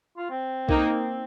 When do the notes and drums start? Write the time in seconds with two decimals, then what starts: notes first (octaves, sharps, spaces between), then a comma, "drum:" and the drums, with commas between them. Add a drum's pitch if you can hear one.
0.17 F4
0.30 C4
0.69 A#3 D#4, drum: kick C2